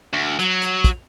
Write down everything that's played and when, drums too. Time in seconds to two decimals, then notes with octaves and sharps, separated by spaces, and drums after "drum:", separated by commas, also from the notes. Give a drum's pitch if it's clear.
0.13 D2
0.39 F#3, drum: hi-hat
0.62 drum: hi-hat
0.84 drum: kick, hi-hat